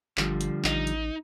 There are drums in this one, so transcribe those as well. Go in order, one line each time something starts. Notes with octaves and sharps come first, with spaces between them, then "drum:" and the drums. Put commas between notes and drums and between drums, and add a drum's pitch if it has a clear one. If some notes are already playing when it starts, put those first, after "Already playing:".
G1 D3 F3 G3, drum: clap
drum: hi-hat
A1 D#4, drum: clap
drum: hi-hat